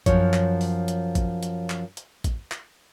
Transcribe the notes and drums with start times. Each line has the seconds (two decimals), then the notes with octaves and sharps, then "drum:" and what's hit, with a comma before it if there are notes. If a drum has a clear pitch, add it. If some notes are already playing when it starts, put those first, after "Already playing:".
0.06 F#2 F3 C#5, drum: kick, hi-hat
0.34 drum: clap
0.61 drum: open hi-hat
0.88 drum: hi-hat
1.15 drum: kick, hi-hat
1.43 drum: hi-hat
1.70 drum: clap
1.97 drum: hi-hat
2.24 drum: kick, hi-hat
2.52 drum: clap